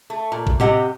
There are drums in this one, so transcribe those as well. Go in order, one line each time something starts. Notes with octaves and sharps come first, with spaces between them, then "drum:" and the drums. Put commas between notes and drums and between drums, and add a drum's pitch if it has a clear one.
A3
A#2
drum: kick A1
C3 C4 G4 D#5 F#5, drum: tom A2